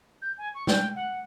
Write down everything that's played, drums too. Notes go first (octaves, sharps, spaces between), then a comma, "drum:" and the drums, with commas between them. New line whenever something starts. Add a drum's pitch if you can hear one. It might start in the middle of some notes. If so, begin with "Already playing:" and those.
G6
G#5
C#6
G5, drum: snare
F#5